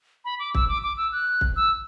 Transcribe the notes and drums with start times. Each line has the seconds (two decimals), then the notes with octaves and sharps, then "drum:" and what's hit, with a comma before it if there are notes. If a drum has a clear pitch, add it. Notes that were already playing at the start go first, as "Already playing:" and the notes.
0.25 B5
0.39 D6
0.55 E6, drum: kick
0.68 D6
0.83 D6
0.97 E6
1.12 F#6
1.41 drum: kick
1.56 E6